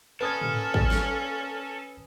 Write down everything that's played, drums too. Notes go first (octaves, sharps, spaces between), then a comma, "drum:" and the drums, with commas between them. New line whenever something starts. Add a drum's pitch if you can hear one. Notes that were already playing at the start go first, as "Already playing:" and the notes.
A#2 C#4 A4 B4 A5 D#6 F6 G#6
drum: tom
drum: kick
drum: snare